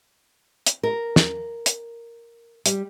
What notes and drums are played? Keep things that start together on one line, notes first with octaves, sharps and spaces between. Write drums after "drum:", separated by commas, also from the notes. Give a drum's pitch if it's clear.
drum: hi-hat
A#4
drum: snare
drum: hi-hat
G3, drum: hi-hat